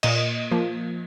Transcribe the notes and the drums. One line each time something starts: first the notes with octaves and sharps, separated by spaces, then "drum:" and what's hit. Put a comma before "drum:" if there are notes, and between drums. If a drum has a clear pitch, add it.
A#2 D#5 D#6, drum: cymbal
F3 A#3